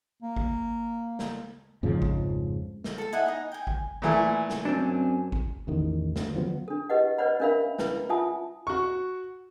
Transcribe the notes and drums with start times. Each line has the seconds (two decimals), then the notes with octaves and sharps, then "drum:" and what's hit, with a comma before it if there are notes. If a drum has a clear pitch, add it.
0.23 A#3
0.36 drum: kick G#1
1.19 drum: snare
1.83 F2 G#2 C#3 F3
2.02 drum: kick G#1
2.84 drum: snare
2.98 A4 A5
3.13 E4 D#5 F#5 G#5
3.26 D#4 D#5
3.52 G5 G#5
3.67 drum: kick G#1
4.02 A#2 E3 A3 G#5
4.50 drum: snare
4.65 F#2 C4 D4
5.32 drum: kick G#1
5.67 A1 E2 D#3
6.16 D2, drum: snare
6.34 D3 F3 F#3 B3
6.68 D4 A4
6.89 E4 G4 B4 D#5 F#5
7.18 B4 C5 D5 D#5 F#5 B5
7.40 C#4 D4 A#4 E5 F5 B5
7.79 C#4 E4 B4 B5, drum: snare
8.09 F4 E5 F#5 G#5 A5 D#6
8.67 F#4 C#6